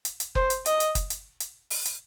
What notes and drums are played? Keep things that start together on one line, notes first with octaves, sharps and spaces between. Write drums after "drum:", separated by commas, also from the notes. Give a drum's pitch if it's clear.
drum: hi-hat
drum: hi-hat
C5, drum: kick F#1
drum: hi-hat
D#5, drum: hi-hat
drum: hi-hat
drum: kick F#1, hi-hat
drum: hi-hat
drum: hi-hat
drum: open hi-hat
drum: hi-hat